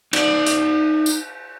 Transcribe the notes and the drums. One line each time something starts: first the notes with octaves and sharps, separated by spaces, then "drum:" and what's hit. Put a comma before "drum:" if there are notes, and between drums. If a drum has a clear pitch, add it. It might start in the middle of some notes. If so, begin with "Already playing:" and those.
D#4 D5, drum: cymbal
drum: hi-hat
drum: tambourine